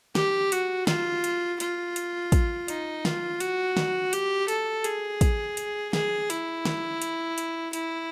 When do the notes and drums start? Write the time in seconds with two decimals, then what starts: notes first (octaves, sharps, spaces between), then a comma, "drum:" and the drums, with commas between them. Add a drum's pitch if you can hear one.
0.15 G4, drum: snare
0.52 F#4, drum: hi-hat
0.87 F4, drum: snare
1.24 drum: hi-hat
1.60 F4, drum: hi-hat
1.96 drum: hi-hat
2.32 drum: kick, hi-hat
2.68 D#4, drum: hi-hat
3.05 F4, drum: snare
3.40 F#4, drum: hi-hat
3.77 drum: snare
4.13 G4, drum: hi-hat
4.48 A4, drum: hi-hat
4.84 G#4, drum: hi-hat
5.21 drum: kick, hi-hat
5.57 drum: hi-hat
5.93 G#4, drum: snare
6.30 E4, drum: hi-hat
6.65 drum: snare
7.02 drum: hi-hat
7.38 drum: hi-hat
7.73 E4, drum: hi-hat